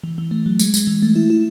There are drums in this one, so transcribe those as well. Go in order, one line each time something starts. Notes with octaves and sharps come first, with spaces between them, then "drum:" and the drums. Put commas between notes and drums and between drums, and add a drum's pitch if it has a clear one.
E3
E3
A3
F#3
G#3, drum: tambourine
G#3, drum: tambourine
E3
A3
E4
E4